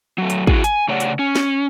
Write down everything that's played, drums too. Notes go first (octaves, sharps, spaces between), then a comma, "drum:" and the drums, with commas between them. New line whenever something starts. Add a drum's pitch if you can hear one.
F#3 A3
drum: hi-hat
E4 F#4 G#4, drum: kick
G#5, drum: hi-hat
C#3 A3 C#5 D5 F#5
drum: hi-hat
C#4
drum: snare